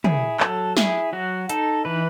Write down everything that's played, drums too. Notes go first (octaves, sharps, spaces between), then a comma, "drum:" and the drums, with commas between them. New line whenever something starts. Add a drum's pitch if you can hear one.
E4 G#4, drum: tom
F#3 A4, drum: clap
E4 G#4, drum: snare
F#3 F#4
D#4 A4, drum: hi-hat
E3 B4